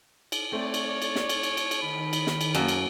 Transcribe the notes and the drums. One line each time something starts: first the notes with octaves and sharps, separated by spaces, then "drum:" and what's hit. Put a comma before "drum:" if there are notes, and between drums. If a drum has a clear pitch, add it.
drum: cymbal
A3 C4 C#5 D5
drum: cymbal
drum: cymbal
drum: snare
drum: cymbal
drum: cymbal
drum: cymbal
drum: cymbal
D#3 B5
drum: cymbal
drum: snare
drum: cymbal
F#2 A#3 F5 A5, drum: cymbal
drum: cymbal